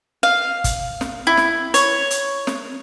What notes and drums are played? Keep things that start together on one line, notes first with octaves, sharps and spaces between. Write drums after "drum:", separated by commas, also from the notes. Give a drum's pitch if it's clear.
F5
drum: kick, hi-hat
drum: snare
E4
drum: snare
C#5, drum: hi-hat
drum: hi-hat
drum: snare